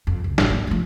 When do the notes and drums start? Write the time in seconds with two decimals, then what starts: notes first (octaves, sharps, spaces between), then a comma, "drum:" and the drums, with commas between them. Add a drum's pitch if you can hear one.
0.07 F2
0.24 C#2
0.38 G#1 F2, drum: snare
0.50 A#3
0.67 F3 A3